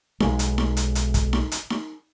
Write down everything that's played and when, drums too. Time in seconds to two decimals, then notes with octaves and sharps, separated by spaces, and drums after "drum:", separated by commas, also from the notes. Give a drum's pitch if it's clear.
0.20 B1 G#3, drum: snare D#4
0.39 drum: hi-hat
0.58 drum: snare D#4
0.77 drum: hi-hat
0.95 drum: hi-hat
1.14 drum: kick, hi-hat
1.33 drum: snare D#4
1.52 drum: hi-hat
1.70 drum: snare D#4